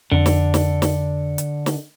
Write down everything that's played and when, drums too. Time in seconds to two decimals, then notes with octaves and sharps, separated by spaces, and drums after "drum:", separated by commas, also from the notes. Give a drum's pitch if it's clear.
0.12 F2 D3 D4
0.26 drum: snare
0.54 drum: snare
0.82 drum: snare
1.38 drum: hi-hat
1.66 drum: snare